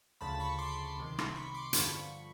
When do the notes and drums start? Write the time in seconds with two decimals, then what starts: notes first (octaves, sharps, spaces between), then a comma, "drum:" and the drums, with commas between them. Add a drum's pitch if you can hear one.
0.21 D2 C#3 F3 A5 B5
0.40 B5 C#6
0.59 C6 D6
0.97 C2 C3 D#3
1.19 drum: rim click
1.35 B5 C#6
1.54 C6 D6
1.73 G2 D3 F3 B5 C#6, drum: hi-hat